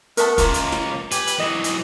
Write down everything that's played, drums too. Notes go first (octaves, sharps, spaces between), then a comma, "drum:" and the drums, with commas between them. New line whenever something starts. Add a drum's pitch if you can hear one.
A3 B3 A#4 E5 F#5 A5, drum: hi-hat
C#2 A#3 F4, drum: kick, hi-hat
drum: hi-hat
drum: snare
G4 B4 G#5, drum: hi-hat
drum: hi-hat
E3 F#3 D#5 D#6
drum: hi-hat